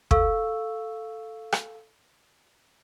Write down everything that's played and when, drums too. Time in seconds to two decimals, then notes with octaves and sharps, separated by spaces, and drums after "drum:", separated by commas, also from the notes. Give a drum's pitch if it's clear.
0.11 A4 F5 C#6 E6, drum: kick
1.52 drum: rim click